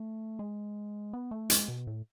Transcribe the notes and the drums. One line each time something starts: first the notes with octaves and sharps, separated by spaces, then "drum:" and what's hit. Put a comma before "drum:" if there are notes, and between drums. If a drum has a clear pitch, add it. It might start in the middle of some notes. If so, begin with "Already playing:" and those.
Already playing: A3
G#3
B3
A3
G#3, drum: hi-hat
B2
A2